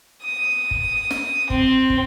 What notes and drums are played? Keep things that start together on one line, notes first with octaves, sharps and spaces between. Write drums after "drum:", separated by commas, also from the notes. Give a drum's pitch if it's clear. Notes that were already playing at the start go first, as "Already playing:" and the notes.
D#6
drum: kick
drum: snare
C4, drum: kick
drum: kick